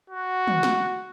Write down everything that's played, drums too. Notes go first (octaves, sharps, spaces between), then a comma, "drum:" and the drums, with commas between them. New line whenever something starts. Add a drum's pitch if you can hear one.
F#4
drum: tom
drum: snare